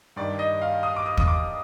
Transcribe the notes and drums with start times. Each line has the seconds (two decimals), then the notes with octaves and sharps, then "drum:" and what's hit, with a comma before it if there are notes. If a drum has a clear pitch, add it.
0.16 G2 D#3 G3 D5
0.39 D#5
0.62 F5
0.83 D#6
0.96 D6
1.06 D#6
1.18 D#6, drum: kick
1.28 D6